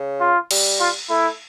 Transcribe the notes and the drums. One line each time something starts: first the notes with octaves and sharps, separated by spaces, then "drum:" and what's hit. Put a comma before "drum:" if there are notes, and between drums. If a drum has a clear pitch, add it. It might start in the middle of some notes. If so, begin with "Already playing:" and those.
Already playing: C#3
F4
G3, drum: cymbal
F4
A3 E4